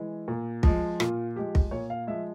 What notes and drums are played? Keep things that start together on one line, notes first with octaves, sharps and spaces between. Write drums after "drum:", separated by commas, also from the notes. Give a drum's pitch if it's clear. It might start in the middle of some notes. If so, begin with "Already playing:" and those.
Already playing: E3 G#3
A#2
F3 G#3, drum: kick
A#2 F4, drum: rim click
F3 G#3 G4
drum: kick
A#2 C#5
F5
F3 G#3 E5